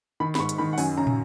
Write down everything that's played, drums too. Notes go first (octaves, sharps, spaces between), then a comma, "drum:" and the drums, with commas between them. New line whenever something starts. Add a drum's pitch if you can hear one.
D#3 B5
B5, drum: snare
G#2 C#6
drum: hi-hat
D#3 B5
F#5
F#2 G#5, drum: open hi-hat
C#3 A#5
drum: tom